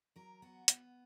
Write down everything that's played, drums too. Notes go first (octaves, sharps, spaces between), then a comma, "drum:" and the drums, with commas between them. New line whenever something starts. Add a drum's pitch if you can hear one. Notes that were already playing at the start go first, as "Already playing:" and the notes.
F#3 A#4
B3 F#4
B3, drum: hi-hat